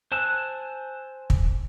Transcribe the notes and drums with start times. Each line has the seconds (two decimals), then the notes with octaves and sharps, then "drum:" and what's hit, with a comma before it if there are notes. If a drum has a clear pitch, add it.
0.12 C5 G#5 A5 E6 F#6
1.30 drum: kick